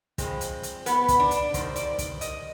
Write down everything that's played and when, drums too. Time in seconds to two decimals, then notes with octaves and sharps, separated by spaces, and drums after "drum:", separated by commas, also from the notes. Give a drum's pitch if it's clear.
0.18 G2 F3 G#3 C4, drum: kick, hi-hat
0.41 drum: hi-hat
0.63 drum: hi-hat
0.86 B3, drum: hi-hat
1.08 drum: kick, hi-hat
1.20 D4
1.31 drum: hi-hat
1.54 C3 D#3 G3 C5, drum: kick, hi-hat
1.76 D5, drum: hi-hat
1.98 drum: kick, hi-hat
2.21 D#5, drum: hi-hat